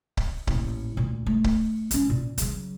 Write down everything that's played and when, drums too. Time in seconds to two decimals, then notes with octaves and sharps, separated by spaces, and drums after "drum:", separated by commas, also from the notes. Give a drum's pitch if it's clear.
0.17 drum: kick C#1
0.47 A1 A#2, drum: kick C#1
0.97 D2 A#2
1.26 A3
1.44 drum: kick C#1
1.91 A#1 C#4, drum: hi-hat
2.10 A#2
2.38 C#3 F#3, drum: hi-hat